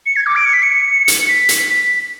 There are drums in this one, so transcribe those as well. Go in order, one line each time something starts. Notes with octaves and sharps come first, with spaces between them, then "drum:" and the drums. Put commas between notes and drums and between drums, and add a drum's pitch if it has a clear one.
C#7
G#6
D6
D7
C#7
B6
C#7
drum: hi-hat
B6
drum: hi-hat
B6